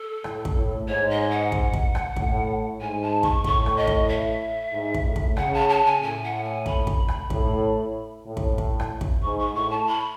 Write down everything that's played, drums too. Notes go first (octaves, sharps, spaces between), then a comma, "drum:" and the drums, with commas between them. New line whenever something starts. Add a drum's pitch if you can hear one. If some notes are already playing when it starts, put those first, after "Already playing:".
Already playing: A4
A2, drum: rim click
drum: kick
A2
G#2 C#5
D#5
F#5
drum: kick
drum: kick
drum: rim click
A2, drum: kick
G#2 G#5
A5
C#6, drum: kick
A2 C#6, drum: kick
drum: rim click
D#5
drum: kick
E5
G#2
drum: kick
A2
drum: kick
C#3 F#5, drum: rim click
A5
A5
G#5
A2 G#5
F#5
G#5
B5, drum: kick
drum: kick
drum: rim click
A2, drum: kick
A2
drum: kick
drum: kick
drum: rim click
drum: kick
G#2 C#6
C#6
A2 C#6
A5
B5